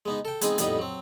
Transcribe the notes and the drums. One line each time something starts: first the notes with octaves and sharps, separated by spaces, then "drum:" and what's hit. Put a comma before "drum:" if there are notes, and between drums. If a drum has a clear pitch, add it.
G#3 B3 D#4
A4 G5
G#3 B3 C4 D#4 G#4, drum: hi-hat
F2 A2 G3 B3 D#4 D#5, drum: hi-hat
F#3 C4